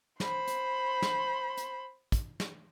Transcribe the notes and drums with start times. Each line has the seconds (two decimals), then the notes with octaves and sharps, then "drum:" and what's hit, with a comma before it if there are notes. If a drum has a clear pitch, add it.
0.20 C5 B5, drum: snare
0.47 drum: hi-hat
1.02 drum: snare
1.57 drum: hi-hat
2.12 drum: kick, hi-hat
2.40 drum: snare